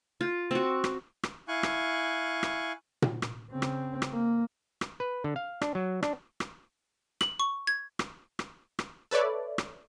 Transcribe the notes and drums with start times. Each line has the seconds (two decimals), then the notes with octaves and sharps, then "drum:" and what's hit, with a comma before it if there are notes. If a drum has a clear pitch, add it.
0.21 F4
0.51 C4 F#4
0.84 drum: rim click
1.23 drum: rim click
1.48 E4 F5 G#5 C#6 F#6
1.63 drum: rim click
2.43 drum: rim click
3.02 drum: tom A#2
3.22 drum: rim click
3.52 C#3 C4
3.62 drum: rim click
4.02 drum: rim click
4.11 A#3
4.81 drum: rim click
5.00 B4
5.24 D3
5.36 F5
5.62 D4, drum: rim click
5.75 F#3
6.03 D4, drum: rim click
6.40 drum: rim click
7.21 F#7, drum: rim click
7.40 C#6
7.67 G#6
7.99 drum: rim click
8.39 drum: rim click
8.79 drum: rim click
9.11 A4 B4 C#5 D5 E5
9.58 drum: rim click